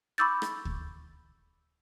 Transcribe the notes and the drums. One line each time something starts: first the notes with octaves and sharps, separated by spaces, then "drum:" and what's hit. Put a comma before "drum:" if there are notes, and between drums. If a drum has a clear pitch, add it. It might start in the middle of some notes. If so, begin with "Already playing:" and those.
B5 C#6 D6 E6 G6 A6
drum: rim click
drum: kick